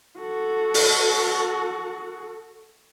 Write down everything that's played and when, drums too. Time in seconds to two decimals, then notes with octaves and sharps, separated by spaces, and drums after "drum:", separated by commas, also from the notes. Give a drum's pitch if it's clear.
0.20 F#4 A4
0.74 drum: open hi-hat